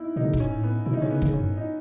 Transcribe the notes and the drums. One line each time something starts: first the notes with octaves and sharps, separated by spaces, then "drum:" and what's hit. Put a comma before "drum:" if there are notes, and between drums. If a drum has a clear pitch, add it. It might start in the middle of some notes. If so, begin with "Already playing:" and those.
Already playing: B3 D#4 E4
B2 D#4
C#3
B2, drum: kick
G#2 C#4
A2
B3
B2 E4
D#4
B2
C#3 C#4
B3
C#3, drum: kick
C#4
F#2
G#2
D#4